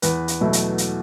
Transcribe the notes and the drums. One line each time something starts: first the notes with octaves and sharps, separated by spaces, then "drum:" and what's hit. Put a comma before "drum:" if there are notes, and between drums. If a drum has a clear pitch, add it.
E2 B4, drum: hi-hat
drum: hi-hat
B2 F#3 A3 E4
drum: hi-hat
drum: hi-hat